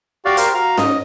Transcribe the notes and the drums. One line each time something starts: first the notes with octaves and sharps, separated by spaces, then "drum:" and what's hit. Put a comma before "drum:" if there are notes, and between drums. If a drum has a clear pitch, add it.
F#4 G4 D5 F5
A#4 C5, drum: hi-hat
F#4 F5 A#5
G#2 D#5, drum: snare C#4